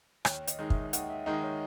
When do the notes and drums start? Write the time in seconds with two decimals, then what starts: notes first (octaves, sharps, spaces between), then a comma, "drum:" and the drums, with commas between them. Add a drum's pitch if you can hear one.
0.25 D#2 C#5, drum: rim click
0.47 D#5, drum: hi-hat
0.59 D#3 G#3 D#4 D#5
0.70 E5, drum: kick
0.93 D#2 F#5, drum: hi-hat
1.10 E5
1.26 D#3 G#3 D#4 D#5
1.44 C#5